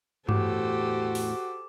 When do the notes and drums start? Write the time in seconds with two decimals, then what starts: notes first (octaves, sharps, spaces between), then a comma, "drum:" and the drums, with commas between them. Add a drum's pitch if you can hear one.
0.29 E2 A2 F#4 G4 A4 C5 D6, drum: tom G2
1.15 drum: open hi-hat